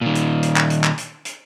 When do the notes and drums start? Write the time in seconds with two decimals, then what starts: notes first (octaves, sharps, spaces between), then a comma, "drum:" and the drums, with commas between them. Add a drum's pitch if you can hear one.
0.01 A#2 D#3
0.15 drum: hi-hat
0.43 drum: hi-hat
0.56 drum: clap
0.70 drum: hi-hat
0.84 drum: clap
0.98 drum: hi-hat
1.25 drum: hi-hat